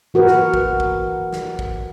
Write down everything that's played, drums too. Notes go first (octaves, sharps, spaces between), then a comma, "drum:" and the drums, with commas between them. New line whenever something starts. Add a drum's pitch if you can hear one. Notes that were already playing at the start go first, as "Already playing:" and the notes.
E3 F#4 A#4 B4
drum: snare
drum: kick
drum: kick
drum: snare
drum: kick